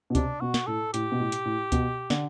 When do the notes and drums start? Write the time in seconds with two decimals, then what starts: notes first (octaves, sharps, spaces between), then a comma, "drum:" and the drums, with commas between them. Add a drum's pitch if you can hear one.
0.10 B2
0.15 C3 D4, drum: kick C#2, hi-hat
0.41 B2 F#4
0.54 drum: snare
0.67 A2 A4
0.94 A2 G4, drum: hi-hat
1.12 B2
1.20 A2
1.32 drum: hi-hat
1.45 A2
1.72 B2, drum: kick C#2, hi-hat
2.10 D3, drum: snare